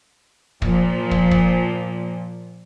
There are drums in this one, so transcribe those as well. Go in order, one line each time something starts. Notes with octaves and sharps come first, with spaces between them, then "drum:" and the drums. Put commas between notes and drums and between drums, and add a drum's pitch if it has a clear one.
A#2 F3, drum: kick
drum: kick
drum: kick